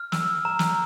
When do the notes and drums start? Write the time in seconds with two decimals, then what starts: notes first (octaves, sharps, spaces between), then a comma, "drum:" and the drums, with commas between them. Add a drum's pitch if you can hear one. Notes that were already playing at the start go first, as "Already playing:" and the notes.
Already playing: F6
0.12 E6, drum: snare
0.45 A#5
0.59 drum: snare